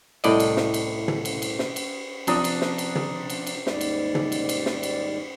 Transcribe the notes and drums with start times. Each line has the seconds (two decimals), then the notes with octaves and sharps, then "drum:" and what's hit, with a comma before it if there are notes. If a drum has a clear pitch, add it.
0.24 C2 A2 D5 D#5, drum: cymbal
0.40 drum: cymbal
0.57 drum: snare
0.74 drum: cymbal
1.08 drum: tom
1.25 drum: cymbal
1.42 drum: cymbal
1.59 drum: snare
1.76 drum: cymbal
2.27 C3 F3 D4 A#5 D#6, drum: cymbal
2.44 drum: cymbal
2.61 drum: snare
2.78 drum: cymbal
2.95 drum: tom
3.30 drum: cymbal
3.47 drum: cymbal
3.67 D#2 G#2 G3 D5, drum: snare
3.81 drum: cymbal
4.15 drum: tom
4.32 drum: cymbal
4.49 drum: cymbal
4.66 drum: snare
4.83 drum: cymbal